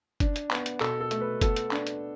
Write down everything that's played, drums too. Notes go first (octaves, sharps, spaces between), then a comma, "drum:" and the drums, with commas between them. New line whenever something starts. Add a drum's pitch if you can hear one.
D4, drum: kick, hi-hat
drum: hi-hat
B3, drum: clap
drum: hi-hat
B2 A4, drum: clap
A4
A3, drum: hi-hat
B4
B3 A4, drum: kick, hi-hat
drum: hi-hat
D4, drum: clap
drum: hi-hat